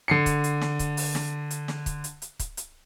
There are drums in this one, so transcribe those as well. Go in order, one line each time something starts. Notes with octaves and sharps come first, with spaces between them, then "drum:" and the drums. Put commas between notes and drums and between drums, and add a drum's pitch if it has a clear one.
D3 C7 C#7
drum: kick, hi-hat
drum: hi-hat
drum: snare
drum: kick, hi-hat
drum: open hi-hat
drum: snare
drum: hi-hat
drum: snare
drum: kick, hi-hat
drum: hi-hat
drum: hi-hat
drum: kick, hi-hat
drum: hi-hat